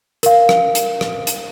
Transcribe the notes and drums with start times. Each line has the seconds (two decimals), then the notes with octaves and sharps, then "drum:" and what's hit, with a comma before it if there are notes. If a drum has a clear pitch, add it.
0.23 A#4 F5, drum: hi-hat
0.49 drum: rim click
0.75 drum: hi-hat
1.01 drum: rim click
1.27 drum: hi-hat